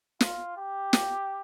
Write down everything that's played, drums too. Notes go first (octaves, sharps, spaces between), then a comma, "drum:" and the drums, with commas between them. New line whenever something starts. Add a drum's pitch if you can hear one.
F4, drum: snare
G4
drum: snare